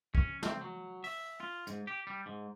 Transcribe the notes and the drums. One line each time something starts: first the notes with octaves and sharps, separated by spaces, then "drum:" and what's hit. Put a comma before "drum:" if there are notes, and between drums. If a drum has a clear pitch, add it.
C#4, drum: kick
C4, drum: snare
F#3
E5, drum: open hi-hat
F4
G#2, drum: hi-hat
G4
G3
G#2